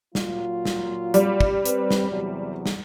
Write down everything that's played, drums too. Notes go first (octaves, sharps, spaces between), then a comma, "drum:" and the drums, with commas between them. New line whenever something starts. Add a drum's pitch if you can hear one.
A#2 F#3 F4, drum: snare
drum: snare
G3, drum: hi-hat
drum: kick
C4 B4, drum: hi-hat
drum: snare
E2 C3 F#3
drum: snare